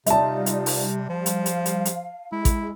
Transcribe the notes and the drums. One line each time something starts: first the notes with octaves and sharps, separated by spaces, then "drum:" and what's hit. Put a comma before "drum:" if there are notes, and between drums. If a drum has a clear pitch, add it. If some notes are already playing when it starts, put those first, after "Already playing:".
C3 G3 D#4 F4 D5 E5 A5, drum: hi-hat
drum: hi-hat
drum: open hi-hat
F3 F5
drum: hi-hat
drum: hi-hat
drum: hi-hat
drum: hi-hat
G#3 E4
drum: kick A1, hi-hat